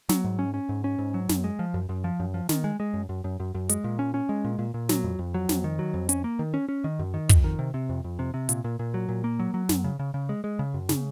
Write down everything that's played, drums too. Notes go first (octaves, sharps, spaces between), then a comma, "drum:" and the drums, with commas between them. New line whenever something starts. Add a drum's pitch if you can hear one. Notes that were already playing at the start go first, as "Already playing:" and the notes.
F#3, drum: snare
G#2
C#4
C#4
G#2
C#4
G#2
F#3
F#2, drum: snare
G#3
F3
F#2
F#2
F3
F#2
F3
D#3, drum: snare
G#3
G#3
F#2
F#2
F#2
F#2
F#2
G#3, drum: hi-hat
A#2
C#4
C#4
G#3
A#2
A#2
A#2
F#3, drum: snare
F2
F2
F#3
F2, drum: snare
D#3
F#3
F2
C#4, drum: hi-hat
A#3
D#3
C#4
C#4
D#3
F#2
D#3
F2, drum: kick, hi-hat
D#3
C3
C3
F2
F2
C3
C3
A#2, drum: hi-hat
A#2
A#2
F#3
A#2
A#3
F#3
F#3
F#2, drum: snare
C#3
C#3
C#3
G#3
G#3
C#3
F#2
C#3, drum: snare